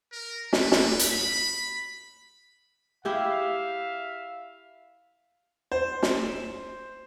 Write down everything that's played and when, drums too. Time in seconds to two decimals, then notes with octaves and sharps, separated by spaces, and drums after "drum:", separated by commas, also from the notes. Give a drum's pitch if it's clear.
0.12 A#4
0.53 B4, drum: snare
0.72 drum: snare
0.99 drum: hi-hat
1.09 B5
3.05 E4 G4 G#4 E5 F5
5.72 C5
6.03 drum: snare